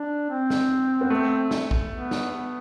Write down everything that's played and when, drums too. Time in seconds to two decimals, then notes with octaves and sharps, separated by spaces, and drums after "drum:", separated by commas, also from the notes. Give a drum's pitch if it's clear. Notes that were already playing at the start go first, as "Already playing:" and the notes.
Already playing: D4
0.30 C4
0.50 drum: snare
1.01 B3
1.10 A3
1.51 drum: snare
1.71 drum: kick
1.92 B3
2.11 drum: snare
2.32 B3